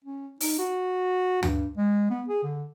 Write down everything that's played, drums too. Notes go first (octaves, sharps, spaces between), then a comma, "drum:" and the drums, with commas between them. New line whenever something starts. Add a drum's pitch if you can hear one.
C#4
D#4, drum: open hi-hat
F#4
G2, drum: tom D2
G#3
B3
G#4
D3